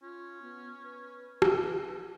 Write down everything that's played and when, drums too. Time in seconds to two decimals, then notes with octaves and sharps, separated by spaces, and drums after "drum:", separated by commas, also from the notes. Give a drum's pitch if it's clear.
0.02 C#4 F4
0.42 B3
0.83 B4
1.42 drum: rim click